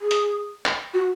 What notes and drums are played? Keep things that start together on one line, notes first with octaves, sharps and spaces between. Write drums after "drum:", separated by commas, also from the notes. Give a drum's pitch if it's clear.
G#4
drum: hi-hat
drum: clap
F#4